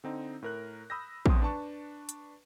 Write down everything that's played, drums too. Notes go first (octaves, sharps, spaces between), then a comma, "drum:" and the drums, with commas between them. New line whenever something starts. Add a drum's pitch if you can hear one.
D3 C4 D#4
A2 A#4 F#6
B5 D#6 E6 G6 A#6
G#1 E2 A2 C4 C6 D#6, drum: kick
D4 B4 A5 C#6
drum: hi-hat